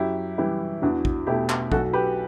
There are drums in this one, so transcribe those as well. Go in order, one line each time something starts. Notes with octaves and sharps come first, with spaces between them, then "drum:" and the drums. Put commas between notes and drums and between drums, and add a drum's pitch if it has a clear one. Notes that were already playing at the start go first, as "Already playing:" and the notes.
Already playing: F#2 E4 G4
E3 G3 E4 G4
E2 D4 F#4
drum: kick
B2 A3 E4 G4
drum: clap
B1 F#4 A4, drum: kick
G4 B4